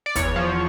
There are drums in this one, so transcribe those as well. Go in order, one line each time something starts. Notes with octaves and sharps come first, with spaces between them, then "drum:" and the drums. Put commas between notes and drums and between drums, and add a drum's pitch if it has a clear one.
D5
E2 C#5, drum: kick, hi-hat
F3